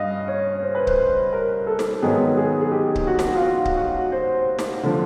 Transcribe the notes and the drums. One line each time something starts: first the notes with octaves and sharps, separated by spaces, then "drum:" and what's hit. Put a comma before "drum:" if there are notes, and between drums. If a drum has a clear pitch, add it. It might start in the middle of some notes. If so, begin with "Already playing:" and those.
Already playing: G2 D#5 F5
C#5
C5
B4
C5, drum: kick C#1
A#4
A4
drum: snare
G#2 D#3 F#3 B3 G#4
G#4
G#4
G4
drum: kick C#1
F#4
drum: snare
F4
F#4
drum: kick C#1
F#4
C5
drum: snare
D3 F3